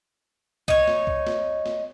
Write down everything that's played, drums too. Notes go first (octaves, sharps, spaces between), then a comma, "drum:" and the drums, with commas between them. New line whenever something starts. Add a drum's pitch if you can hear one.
D#4 C#5, drum: kick C2
drum: snare
drum: kick C2
drum: snare
drum: snare